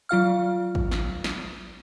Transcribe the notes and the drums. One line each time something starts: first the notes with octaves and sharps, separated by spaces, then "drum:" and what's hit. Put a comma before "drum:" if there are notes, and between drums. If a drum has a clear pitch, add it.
F#3 F4 F5 F6
drum: kick
drum: snare
drum: snare